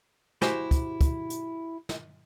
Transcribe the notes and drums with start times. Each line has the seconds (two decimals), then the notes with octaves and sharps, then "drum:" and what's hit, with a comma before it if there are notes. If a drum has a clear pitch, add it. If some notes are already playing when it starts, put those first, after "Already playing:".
0.42 E4 F#4 G4 C5 G#5, drum: snare
0.71 drum: kick, hi-hat
1.01 drum: kick, hi-hat
1.30 drum: hi-hat
1.89 drum: snare